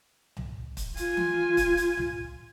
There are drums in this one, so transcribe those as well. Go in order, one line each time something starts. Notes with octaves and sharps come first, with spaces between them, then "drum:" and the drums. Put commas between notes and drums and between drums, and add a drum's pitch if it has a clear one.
drum: tom C2
drum: kick, hi-hat
F4 G#5, drum: hi-hat
drum: tom E3
drum: kick, hi-hat
drum: hi-hat
drum: tom C2